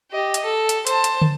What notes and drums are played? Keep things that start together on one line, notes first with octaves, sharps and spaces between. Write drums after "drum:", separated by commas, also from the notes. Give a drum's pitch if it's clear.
G4 D#5
drum: hi-hat
A4
drum: hi-hat
C5 A5, drum: hi-hat
drum: hi-hat
drum: tom